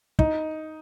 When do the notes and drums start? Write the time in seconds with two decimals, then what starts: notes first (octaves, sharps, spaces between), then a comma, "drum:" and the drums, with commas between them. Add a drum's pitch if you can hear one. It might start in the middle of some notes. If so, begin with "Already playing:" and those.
0.19 D#4, drum: kick